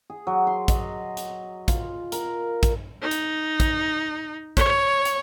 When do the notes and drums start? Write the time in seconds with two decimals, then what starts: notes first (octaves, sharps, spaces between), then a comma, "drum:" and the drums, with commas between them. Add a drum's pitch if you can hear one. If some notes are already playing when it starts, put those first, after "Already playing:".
0.10 G#4
0.27 F#3
0.47 C6
0.68 D#5, drum: kick, hi-hat
1.17 drum: hi-hat
1.68 F4, drum: kick, hi-hat
2.12 A#4, drum: hi-hat
2.63 drum: kick, hi-hat
3.02 D#4
3.11 drum: hi-hat
3.60 drum: kick, hi-hat
4.57 C#5, drum: kick, hi-hat
5.05 drum: hi-hat